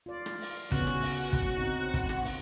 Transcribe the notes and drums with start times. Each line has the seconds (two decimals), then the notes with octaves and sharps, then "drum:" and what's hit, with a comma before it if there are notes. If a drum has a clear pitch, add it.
0.06 F4 D5
0.26 drum: rim click
0.41 drum: open hi-hat
0.72 C#3 B3 C#4 F#4, drum: kick, hi-hat
0.87 drum: rim click
1.02 drum: open hi-hat
1.33 drum: kick, hi-hat
1.55 C4 D#4 F#5
1.94 drum: kick, hi-hat
2.09 drum: rim click
2.24 drum: open hi-hat